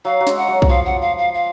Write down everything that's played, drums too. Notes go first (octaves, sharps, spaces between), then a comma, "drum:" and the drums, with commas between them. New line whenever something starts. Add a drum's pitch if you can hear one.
F#3 F5
F#3
G#3, drum: snare
F#5
F#3
F#3, drum: kick B1
F3 F5
F#5
F5
F5
F5